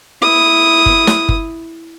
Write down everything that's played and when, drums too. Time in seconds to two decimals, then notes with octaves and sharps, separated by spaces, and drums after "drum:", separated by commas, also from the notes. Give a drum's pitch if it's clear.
0.22 E4 D#6
0.86 drum: kick
1.07 drum: snare
1.29 drum: kick